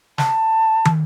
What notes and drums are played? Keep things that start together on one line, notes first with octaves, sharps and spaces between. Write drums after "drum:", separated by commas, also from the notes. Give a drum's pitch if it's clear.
A5, drum: snare
drum: tom